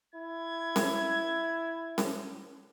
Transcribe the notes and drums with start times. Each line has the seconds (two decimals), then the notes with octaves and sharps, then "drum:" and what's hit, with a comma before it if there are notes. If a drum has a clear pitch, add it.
0.15 E4 G#6
0.76 drum: snare C#4
1.98 drum: snare C#4